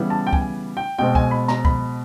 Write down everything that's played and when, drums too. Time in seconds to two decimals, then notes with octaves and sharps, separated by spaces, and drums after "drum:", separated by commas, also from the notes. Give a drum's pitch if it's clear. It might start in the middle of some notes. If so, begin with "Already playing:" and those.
Already playing: C#3 E3 G3 B3
0.10 A5
0.27 G5
0.33 G#5, drum: kick
0.77 G5
0.99 B2 G#3 C4 G5
1.15 G#5, drum: kick
1.31 B5
1.48 A#5, drum: snare
1.65 B5, drum: kick